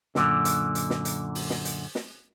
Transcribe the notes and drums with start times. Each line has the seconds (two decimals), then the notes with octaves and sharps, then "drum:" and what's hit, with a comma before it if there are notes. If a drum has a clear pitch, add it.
0.15 F#2 A#2 D3, drum: snare
0.45 drum: hi-hat
0.75 drum: hi-hat
0.90 drum: snare
1.05 drum: hi-hat
1.35 drum: open hi-hat
1.50 drum: snare
1.65 drum: hi-hat
1.95 drum: snare